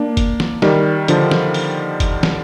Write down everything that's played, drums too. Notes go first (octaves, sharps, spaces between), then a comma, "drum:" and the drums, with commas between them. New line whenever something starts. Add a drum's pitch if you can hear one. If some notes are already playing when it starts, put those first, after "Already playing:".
Already playing: A#3 D4
drum: kick F#1, hi-hat
drum: snare
D#3 G3, drum: snare
D3 F3, drum: hi-hat
drum: snare
drum: open hi-hat
drum: kick F#1, hi-hat
drum: snare